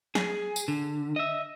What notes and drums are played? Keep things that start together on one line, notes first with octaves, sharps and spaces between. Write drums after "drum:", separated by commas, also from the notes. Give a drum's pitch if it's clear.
G#4, drum: snare
drum: tambourine
D3
D#5 E5